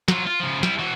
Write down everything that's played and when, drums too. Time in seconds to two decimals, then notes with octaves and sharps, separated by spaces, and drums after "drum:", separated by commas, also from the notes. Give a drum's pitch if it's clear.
0.08 F#3 F4, drum: snare
0.27 F4
0.40 C#3 F3
0.63 G3 E4, drum: snare
0.79 E3 F#4